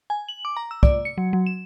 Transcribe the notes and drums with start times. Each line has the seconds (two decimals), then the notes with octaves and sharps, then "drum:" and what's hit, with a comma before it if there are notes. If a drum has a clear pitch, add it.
0.10 G#5
0.29 F#7
0.45 D6
0.57 A#5
0.71 E6
0.83 D5, drum: kick
1.05 C#7
1.18 F#3
1.33 F#3
1.46 E7